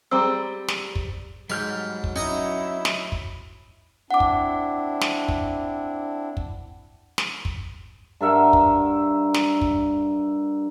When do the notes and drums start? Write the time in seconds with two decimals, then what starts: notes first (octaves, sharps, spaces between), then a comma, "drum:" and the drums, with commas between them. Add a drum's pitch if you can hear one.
0.11 G3 C4 G#4 A#5 E6
0.68 drum: snare
0.95 drum: kick
1.50 G#2 F#3 G3 C6 F6 G6
2.04 drum: kick
2.16 C#4 D#4 E4 A#5 D#6
2.85 drum: snare
3.12 drum: kick
4.11 C4 D4 E4 F#5 D6
4.20 drum: kick
5.01 drum: snare
5.28 drum: kick
6.37 drum: kick
7.18 drum: snare
7.45 drum: kick
8.21 G2 A#4 E5 F#5
8.53 drum: kick
9.34 drum: snare
9.61 drum: kick